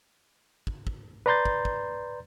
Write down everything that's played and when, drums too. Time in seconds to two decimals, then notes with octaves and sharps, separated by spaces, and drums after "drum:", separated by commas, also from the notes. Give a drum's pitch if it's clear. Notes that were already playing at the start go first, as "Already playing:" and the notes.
0.67 drum: kick
0.87 drum: kick
1.26 B4 D5 A#5 C6 G6 A6
1.45 drum: kick
1.65 drum: kick